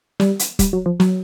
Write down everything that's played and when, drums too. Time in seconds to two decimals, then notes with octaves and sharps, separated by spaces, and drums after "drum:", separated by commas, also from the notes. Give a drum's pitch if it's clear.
0.20 G3, drum: snare
0.39 drum: hi-hat
0.59 G3, drum: kick, hi-hat
0.73 F#3
0.86 F3
1.00 F#3, drum: snare